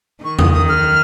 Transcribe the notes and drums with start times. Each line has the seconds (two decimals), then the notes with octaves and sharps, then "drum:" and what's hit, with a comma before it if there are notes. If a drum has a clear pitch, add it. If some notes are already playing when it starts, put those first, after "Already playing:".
0.24 D#3 C#6
0.39 D#6, drum: tom E2
0.54 D#6
0.69 F6